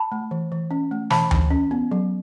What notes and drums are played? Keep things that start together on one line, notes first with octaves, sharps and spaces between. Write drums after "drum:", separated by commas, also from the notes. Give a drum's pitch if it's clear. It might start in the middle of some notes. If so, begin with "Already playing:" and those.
Already playing: A5 B5
A3
E3
E3
C#4
A3
E3 A5 B5, drum: snare
E3, drum: tom D2
C#4
B3
F#3